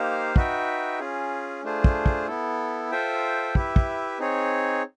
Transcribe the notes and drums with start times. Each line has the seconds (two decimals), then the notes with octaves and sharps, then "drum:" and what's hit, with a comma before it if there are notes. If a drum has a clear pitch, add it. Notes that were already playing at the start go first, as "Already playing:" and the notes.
Already playing: A#3 D#4 G4 C5 F5
0.36 D#4 F#4 B4 E5 G5, drum: kick
0.99 C#4 F4 G#4
1.64 A3 D4 F4 G#4 C5
1.84 drum: kick
2.06 drum: kick
2.27 B3 E4 A4
2.91 F4 A4 C5 E5 G5
3.55 E4 G4 B4 E5, drum: kick
3.76 drum: kick
4.19 C4 D#4 G#4 C#5